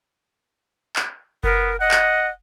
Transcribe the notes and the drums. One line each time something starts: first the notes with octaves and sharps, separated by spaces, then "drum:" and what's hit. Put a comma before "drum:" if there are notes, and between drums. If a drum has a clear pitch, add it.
drum: clap
B3 A#4, drum: kick F#1
D#5 F#5
drum: clap